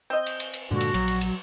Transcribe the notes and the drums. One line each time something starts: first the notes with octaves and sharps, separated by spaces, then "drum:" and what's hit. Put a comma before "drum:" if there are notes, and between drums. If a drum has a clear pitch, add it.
C4 D#5 G6
drum: cymbal
drum: cymbal
drum: cymbal
G2 A#2 D3 G#3 F#4
drum: cymbal
A#1 F#3, drum: cymbal
drum: cymbal
drum: cymbal